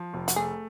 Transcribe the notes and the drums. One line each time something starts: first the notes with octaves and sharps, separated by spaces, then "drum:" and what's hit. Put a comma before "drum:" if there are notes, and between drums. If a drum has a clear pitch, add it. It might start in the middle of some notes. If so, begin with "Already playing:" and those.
Already playing: F3
F1
F#4, drum: hi-hat
A3 G#4